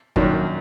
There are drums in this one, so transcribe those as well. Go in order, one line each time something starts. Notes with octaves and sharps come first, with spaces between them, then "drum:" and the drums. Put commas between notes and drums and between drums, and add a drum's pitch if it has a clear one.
F#2 D#3 F#3 A#3 D4, drum: kick